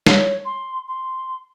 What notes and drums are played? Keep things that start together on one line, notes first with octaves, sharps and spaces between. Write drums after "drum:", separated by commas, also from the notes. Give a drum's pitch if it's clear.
C#5, drum: snare G3
C6
C6